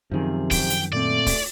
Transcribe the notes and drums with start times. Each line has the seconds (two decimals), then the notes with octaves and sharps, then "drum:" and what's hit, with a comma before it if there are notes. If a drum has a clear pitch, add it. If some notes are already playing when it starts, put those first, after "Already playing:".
0.11 F#2 C3 D#3 F3 C4 G#4
0.51 G5, drum: kick, open hi-hat
0.70 drum: hi-hat
0.93 A#2 A3 C4 D5
1.26 drum: kick, open hi-hat